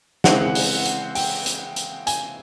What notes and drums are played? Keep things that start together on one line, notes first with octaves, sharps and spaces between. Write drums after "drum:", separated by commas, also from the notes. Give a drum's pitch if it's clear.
C#3 E3 G#3 C4 F#5, drum: snare
drum: open hi-hat
drum: hi-hat
G5, drum: open hi-hat
drum: hi-hat
drum: hi-hat
G#5, drum: hi-hat